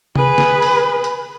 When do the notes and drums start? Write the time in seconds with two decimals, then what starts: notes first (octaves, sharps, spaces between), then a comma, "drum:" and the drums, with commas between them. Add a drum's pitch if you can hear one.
0.16 G#4 B4, drum: tom C3
0.38 drum: snare
0.62 drum: open hi-hat
1.04 drum: hi-hat